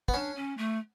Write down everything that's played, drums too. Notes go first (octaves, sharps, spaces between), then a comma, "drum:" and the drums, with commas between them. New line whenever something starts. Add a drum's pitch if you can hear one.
B3, drum: kick
C#4 D4
C#4
A3